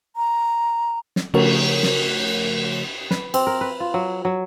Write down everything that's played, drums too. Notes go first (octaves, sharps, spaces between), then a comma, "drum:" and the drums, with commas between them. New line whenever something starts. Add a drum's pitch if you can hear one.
A#5
drum: snare
C#3 F3 A3 F#4 A#4 C#5, drum: cymbal
drum: snare
B4, drum: snare
C4, drum: cymbal
A#4
B4
F4
F#3
F#3